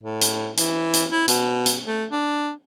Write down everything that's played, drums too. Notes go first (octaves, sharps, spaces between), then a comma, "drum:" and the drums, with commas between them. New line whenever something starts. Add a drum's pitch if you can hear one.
A2
drum: hi-hat
E3, drum: hi-hat
drum: hi-hat
E4
B2, drum: hi-hat
drum: hi-hat
A3
D4